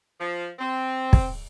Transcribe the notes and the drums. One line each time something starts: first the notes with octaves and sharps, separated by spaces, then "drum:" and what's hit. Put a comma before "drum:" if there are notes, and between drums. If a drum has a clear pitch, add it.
F3
C4
drum: kick